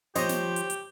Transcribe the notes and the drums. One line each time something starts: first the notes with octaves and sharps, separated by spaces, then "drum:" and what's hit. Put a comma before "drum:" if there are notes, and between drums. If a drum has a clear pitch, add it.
F3 G4 C5 C#5 D#5 C#6, drum: snare
drum: snare
drum: hi-hat
drum: hi-hat